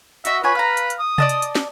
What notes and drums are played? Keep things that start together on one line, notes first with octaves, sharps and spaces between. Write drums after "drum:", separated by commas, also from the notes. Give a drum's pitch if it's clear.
F#4 D#5 E5, drum: hi-hat
F4 B4 C#5 G#5
F5 A#5
drum: hi-hat
drum: hi-hat
D#6
D5 D#5 A5, drum: tom C3
drum: hi-hat
drum: hi-hat
drum: snare